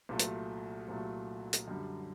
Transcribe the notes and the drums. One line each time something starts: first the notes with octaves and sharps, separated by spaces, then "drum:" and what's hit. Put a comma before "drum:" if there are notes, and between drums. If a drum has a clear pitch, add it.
C2 A#2 F#3 A3
drum: hi-hat
C2 A#2 F#3 A3
drum: hi-hat
F#2 D3 G3